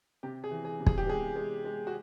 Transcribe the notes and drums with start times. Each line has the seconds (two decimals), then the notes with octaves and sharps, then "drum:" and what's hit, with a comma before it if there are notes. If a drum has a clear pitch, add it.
0.23 C3 G4
0.44 G#4
0.51 E3
0.65 G#4
0.80 C3
0.86 G#4, drum: kick
0.98 G4
1.07 G#3 G#4
1.36 G#3
1.65 G#3
1.87 F#4